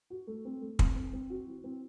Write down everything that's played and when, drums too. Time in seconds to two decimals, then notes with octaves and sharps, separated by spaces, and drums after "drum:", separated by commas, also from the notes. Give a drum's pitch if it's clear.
0.10 F#4
0.27 A3
0.45 C4
0.61 A3
0.79 C4, drum: kick
0.96 C4
1.13 C4
1.30 F#4
1.47 E3
1.64 C4